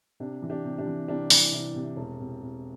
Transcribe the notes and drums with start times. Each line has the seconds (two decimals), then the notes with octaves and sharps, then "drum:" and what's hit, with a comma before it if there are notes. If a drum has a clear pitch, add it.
0.20 C3 D4
0.42 E3
0.50 D4 G4
0.64 C3
0.78 D4 G4
0.86 E3
1.08 C2 D4 G4
1.30 E3, drum: open hi-hat
1.53 C2
1.75 C3
1.96 E1
2.19 C3
2.41 C3